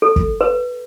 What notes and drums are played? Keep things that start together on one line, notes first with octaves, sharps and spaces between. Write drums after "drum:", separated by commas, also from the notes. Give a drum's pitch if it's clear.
A4
drum: kick
B4